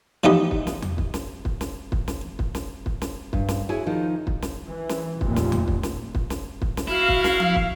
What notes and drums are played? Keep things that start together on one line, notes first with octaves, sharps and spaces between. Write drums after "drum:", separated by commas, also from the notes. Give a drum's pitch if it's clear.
A2 E3 F3 B3 D#4 G4
drum: kick
drum: snare
drum: tom E2
drum: kick
drum: snare
drum: kick
drum: snare
drum: kick
drum: snare
drum: kick
drum: snare
drum: kick
drum: snare
G2, drum: kick
drum: snare
E4 F#4 G#4 C#5 G#5
D#3 F3 D#4
drum: kick
drum: snare
E3
drum: snare
F1 D#2 A#2, drum: kick
drum: snare
drum: tom E2
drum: kick
drum: snare
drum: kick
drum: snare
drum: kick
drum: snare
E4 F#4 F5
drum: kick
drum: snare
drum: tom F3
drum: kick